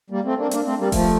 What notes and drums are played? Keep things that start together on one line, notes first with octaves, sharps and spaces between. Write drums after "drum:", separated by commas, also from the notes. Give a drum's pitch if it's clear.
G3 A#3
A3 C4
A#3 D4
A#3 D4, drum: hi-hat
A3 C4
G3 A#3
F3 A3, drum: kick E1, open hi-hat